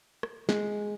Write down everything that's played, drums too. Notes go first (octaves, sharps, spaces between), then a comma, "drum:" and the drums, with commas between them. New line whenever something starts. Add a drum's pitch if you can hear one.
drum: rim click
G#3, drum: snare